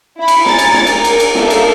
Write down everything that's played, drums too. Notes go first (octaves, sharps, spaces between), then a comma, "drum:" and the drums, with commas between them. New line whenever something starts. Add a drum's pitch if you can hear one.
E4 B5
drum: cymbal
G#5 A#5 A6, drum: snare
drum: cymbal
drum: snare
A#4 A#5, drum: cymbal
drum: cymbal
drum: cymbal
A#3 D#4 A4 E5 F5, drum: snare
drum: cymbal